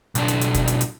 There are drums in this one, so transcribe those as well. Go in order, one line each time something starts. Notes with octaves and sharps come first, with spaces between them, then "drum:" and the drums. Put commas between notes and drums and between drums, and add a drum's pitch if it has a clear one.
B1 D4, drum: hi-hat
drum: hi-hat
drum: hi-hat
drum: kick, hi-hat
drum: hi-hat
drum: hi-hat